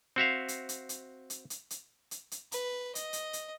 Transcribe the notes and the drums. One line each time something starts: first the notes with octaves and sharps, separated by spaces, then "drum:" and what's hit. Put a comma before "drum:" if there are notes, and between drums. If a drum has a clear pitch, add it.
C4 F#4 E5 F5
drum: hi-hat
drum: hi-hat
drum: hi-hat
drum: hi-hat
drum: hi-hat
drum: hi-hat
drum: hi-hat
drum: hi-hat
B4, drum: hi-hat
D#5, drum: hi-hat
drum: hi-hat
drum: hi-hat